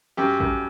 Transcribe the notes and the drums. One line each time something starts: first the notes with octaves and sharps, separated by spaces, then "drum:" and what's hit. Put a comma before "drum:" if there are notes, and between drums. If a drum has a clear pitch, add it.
F#2 G4
F#2, drum: kick